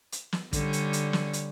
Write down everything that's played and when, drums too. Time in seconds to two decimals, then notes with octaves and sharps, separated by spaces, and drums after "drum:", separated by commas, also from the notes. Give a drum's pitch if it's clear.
0.12 drum: hi-hat
0.33 drum: snare
0.53 D3 G3 C#4, drum: kick, hi-hat
0.73 drum: hi-hat
0.93 drum: hi-hat
1.13 drum: snare
1.33 drum: hi-hat